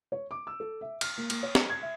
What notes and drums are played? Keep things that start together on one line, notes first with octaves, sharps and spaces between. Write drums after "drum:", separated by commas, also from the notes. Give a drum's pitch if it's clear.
C#5
D6
E6
A4
E5
F6, drum: cymbal
A#3
A#3, drum: cymbal
C#5
C#7, drum: snare
G#6
E5